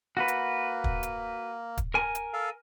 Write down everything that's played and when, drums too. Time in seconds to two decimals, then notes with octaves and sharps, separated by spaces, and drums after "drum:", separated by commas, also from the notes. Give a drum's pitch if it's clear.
0.17 A#3 F#4 B4
0.28 drum: hi-hat
0.84 drum: kick
1.03 drum: hi-hat
1.77 drum: kick, hi-hat
1.94 A#4 G#5
2.15 drum: hi-hat
2.33 A4 F5